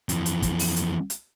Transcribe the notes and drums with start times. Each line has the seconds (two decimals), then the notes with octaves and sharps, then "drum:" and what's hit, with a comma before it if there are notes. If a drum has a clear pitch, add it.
0.09 F2 E3, drum: hi-hat
0.26 drum: hi-hat
0.42 drum: kick, hi-hat
0.59 drum: open hi-hat
0.76 drum: hi-hat
1.10 drum: hi-hat